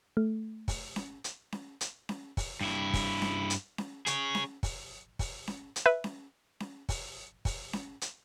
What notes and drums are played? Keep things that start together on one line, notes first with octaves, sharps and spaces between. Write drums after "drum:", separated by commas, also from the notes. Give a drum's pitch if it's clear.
A3
drum: kick, open hi-hat
drum: snare C#4
drum: hi-hat
drum: snare C#4
drum: hi-hat
drum: snare C#4
drum: kick, open hi-hat
G2 E4
drum: kick, open hi-hat
drum: snare C#4
drum: hi-hat
drum: snare C#4
G#4 C#5, drum: hi-hat
drum: snare C#4
drum: kick, open hi-hat
drum: kick, open hi-hat
drum: snare C#4
drum: hi-hat
B4 E5
drum: snare C#4
drum: snare C#4
drum: kick, open hi-hat
drum: kick, open hi-hat
drum: snare C#4
drum: hi-hat